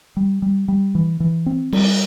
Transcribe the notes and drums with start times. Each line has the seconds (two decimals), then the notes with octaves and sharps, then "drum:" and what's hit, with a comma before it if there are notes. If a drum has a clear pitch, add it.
0.17 G3
0.42 G3
0.68 G3
0.95 E3
1.20 E3
1.46 C4
1.73 G3, drum: cymbal